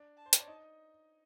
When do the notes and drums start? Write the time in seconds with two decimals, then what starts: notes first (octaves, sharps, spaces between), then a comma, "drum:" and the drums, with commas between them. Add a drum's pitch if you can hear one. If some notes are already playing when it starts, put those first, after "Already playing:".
Already playing: D4 D5
0.17 A5
0.26 C5
0.33 C#5, drum: hi-hat
0.40 D5
0.48 D#4 D#5